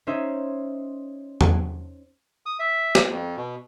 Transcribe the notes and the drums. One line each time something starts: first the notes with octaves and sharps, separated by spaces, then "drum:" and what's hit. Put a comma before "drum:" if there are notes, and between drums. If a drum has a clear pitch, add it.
C#4 D#4 C5 E5
drum: tom E2
D#6
E5
drum: snare
F2
B2